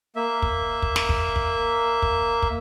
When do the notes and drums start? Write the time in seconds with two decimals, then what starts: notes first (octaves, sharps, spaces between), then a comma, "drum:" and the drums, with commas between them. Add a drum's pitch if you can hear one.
0.16 A#3 E5
0.42 drum: kick
0.82 drum: kick
0.96 drum: snare
1.09 drum: kick
1.36 drum: kick
2.02 drum: kick
2.42 drum: kick